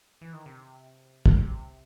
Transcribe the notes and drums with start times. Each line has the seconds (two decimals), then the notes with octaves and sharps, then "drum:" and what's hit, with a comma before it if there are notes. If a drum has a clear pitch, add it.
0.21 E3
0.33 D#3
0.46 C3
1.26 drum: kick
1.37 C3